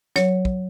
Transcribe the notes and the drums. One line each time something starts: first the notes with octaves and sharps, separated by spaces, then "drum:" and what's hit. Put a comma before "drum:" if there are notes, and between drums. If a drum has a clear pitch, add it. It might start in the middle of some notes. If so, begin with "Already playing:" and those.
F#3 C#5, drum: snare
drum: kick